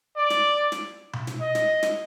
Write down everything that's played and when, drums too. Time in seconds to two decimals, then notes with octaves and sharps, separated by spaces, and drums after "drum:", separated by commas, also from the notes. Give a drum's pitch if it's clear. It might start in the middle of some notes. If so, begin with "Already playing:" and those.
0.17 D5
0.30 drum: snare
0.72 drum: snare
1.13 drum: tom B2
1.27 drum: snare
1.41 D#5
1.55 drum: snare
1.83 drum: snare